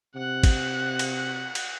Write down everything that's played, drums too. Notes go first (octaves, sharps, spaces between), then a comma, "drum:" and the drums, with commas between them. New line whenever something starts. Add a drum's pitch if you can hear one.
C3 F#5 F#6
drum: kick A1, cymbal
drum: cymbal
drum: cymbal